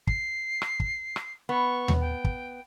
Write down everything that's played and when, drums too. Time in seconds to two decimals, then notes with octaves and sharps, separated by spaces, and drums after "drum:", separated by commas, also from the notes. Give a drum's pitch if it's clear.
0.07 C7, drum: kick
0.62 drum: rim click
0.80 drum: kick
1.16 drum: rim click
1.49 B3 C#6
1.88 drum: tom D#2
2.00 G5
2.24 drum: kick